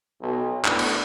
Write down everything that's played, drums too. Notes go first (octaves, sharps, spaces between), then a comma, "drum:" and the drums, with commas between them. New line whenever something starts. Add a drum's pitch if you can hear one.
B1
A3 B3 D4 E4, drum: clap
drum: cymbal